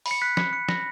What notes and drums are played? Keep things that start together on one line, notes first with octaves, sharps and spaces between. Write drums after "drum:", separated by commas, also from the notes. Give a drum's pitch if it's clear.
B5, drum: open hi-hat
C#7
F#6 B6
B5 C#7, drum: snare
F#6 C#7
B5 A#6, drum: snare